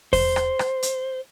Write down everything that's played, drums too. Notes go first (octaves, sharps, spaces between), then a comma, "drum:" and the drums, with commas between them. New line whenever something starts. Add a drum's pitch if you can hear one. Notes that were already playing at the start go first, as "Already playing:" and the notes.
C5, drum: kick E2, open hi-hat
drum: rim click
drum: rim click
drum: hi-hat